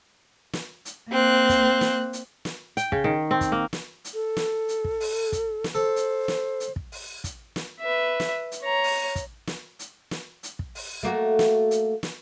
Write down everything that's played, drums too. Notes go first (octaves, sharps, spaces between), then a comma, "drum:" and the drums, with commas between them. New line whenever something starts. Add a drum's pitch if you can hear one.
drum: snare
drum: hi-hat
A#3 C4 F#6
drum: kick, hi-hat
drum: snare
drum: hi-hat
drum: snare
G5, drum: hi-hat
C#3, drum: kick
D#3
C4
drum: kick, hi-hat
A#3
drum: snare
drum: hi-hat
A4
drum: snare
drum: hi-hat
drum: kick
drum: open hi-hat
drum: kick, hi-hat
drum: snare
A4 C5
drum: hi-hat
drum: snare
drum: hi-hat
drum: kick
drum: open hi-hat
drum: kick, hi-hat
drum: snare
B4 E5
drum: snare
drum: hi-hat
C#5 A#5
drum: open hi-hat
drum: kick, hi-hat
drum: snare
drum: hi-hat
drum: snare
drum: hi-hat
drum: kick
drum: open hi-hat
A3 A#3 F#4
drum: snare
drum: hi-hat
drum: snare